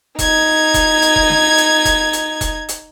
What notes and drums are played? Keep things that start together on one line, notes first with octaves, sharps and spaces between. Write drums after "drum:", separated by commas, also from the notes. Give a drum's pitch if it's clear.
D#4 G#6, drum: kick E1, hi-hat
drum: kick E1, hi-hat
drum: hi-hat
drum: kick E1
drum: snare
drum: hi-hat
drum: kick E1, hi-hat
drum: hi-hat
drum: kick E1, hi-hat
drum: hi-hat